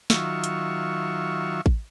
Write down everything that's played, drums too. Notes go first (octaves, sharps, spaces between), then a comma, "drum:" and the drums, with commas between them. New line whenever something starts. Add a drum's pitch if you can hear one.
D#3 F#3 F4 E5 C#6, drum: snare
drum: hi-hat
drum: kick A1